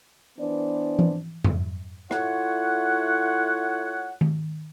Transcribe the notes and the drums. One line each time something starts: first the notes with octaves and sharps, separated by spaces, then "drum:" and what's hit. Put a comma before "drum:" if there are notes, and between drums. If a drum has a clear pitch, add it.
E3 B3 D4 C5 D5
drum: tom E3
drum: tom F2
A3 E4 F4 C#5 F#5, drum: rim click
drum: tom D#3